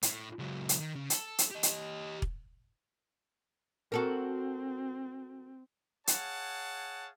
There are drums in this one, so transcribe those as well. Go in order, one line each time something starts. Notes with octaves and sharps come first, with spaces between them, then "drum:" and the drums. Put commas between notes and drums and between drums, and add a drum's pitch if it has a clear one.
A2, drum: hi-hat
C#2 F#3
drum: hi-hat
D#3
C#3
A4, drum: hi-hat
drum: hi-hat
G4 D#5
drum: hi-hat
drum: kick E1
C4 F#4 A4 A#4
G#4 C#5 F5 F#5 A5, drum: hi-hat